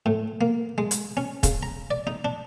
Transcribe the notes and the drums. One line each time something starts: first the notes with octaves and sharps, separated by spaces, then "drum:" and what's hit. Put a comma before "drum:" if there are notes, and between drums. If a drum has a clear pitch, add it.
A2
A#3
G#3
drum: hi-hat
C#4
C#3, drum: kick, hi-hat
A#5
D5
D#4
D4